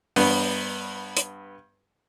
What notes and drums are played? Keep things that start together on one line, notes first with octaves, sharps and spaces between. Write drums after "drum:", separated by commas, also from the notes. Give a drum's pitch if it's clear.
G2 B3, drum: open hi-hat
drum: hi-hat